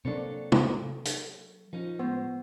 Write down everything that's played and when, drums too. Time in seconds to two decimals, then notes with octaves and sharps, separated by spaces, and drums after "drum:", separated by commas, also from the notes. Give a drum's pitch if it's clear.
0.05 C3 F#3 A#3 C4 D4 A4 C#5
0.52 drum: tom
1.05 drum: hi-hat
1.73 F3 C#4 D#4
1.99 A2 G#3 B3 C5